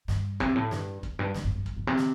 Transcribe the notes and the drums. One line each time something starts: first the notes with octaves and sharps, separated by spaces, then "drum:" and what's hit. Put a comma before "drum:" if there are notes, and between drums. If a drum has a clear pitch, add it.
G2, drum: snare
C3, drum: kick
G2
A2
G2, drum: snare
E2, drum: kick
G2
G2, drum: snare
G2
G2
E2, drum: kick
G2
C3
drum: snare